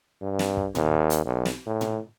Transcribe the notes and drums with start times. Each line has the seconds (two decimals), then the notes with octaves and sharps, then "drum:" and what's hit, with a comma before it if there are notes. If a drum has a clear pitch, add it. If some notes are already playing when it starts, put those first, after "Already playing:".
0.21 G2
0.39 drum: snare
0.57 drum: kick
0.75 D#2, drum: tom A2
1.10 drum: hi-hat
1.25 B1
1.45 drum: snare
1.66 A2
1.81 drum: tom A2